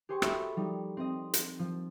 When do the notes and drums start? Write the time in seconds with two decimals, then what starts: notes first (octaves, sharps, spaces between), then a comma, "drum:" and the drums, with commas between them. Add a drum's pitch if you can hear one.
0.09 G4 G#4 C5 G5 C#6
0.22 F#4 A4 D#5 E5 B5, drum: rim click
0.56 F3 G3 D#4
0.97 C4 D#5
1.34 drum: hi-hat
1.59 F3